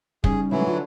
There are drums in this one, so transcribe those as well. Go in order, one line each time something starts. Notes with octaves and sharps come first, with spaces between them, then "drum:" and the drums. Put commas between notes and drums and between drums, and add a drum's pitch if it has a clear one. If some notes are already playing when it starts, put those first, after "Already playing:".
C#3 G3 C#4 D#4 G#4, drum: kick
C#3 E3 F#3 G#3 A3 E4
D3 D4 F4